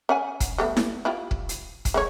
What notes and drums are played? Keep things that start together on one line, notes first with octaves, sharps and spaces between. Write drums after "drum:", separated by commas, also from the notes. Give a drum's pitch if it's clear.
C#4 F#5 G#5
drum: kick, hi-hat
G3 A3 B3
drum: snare E4
E4 F4 G4
drum: kick
drum: hi-hat
drum: kick, hi-hat
G#3 C4 C#5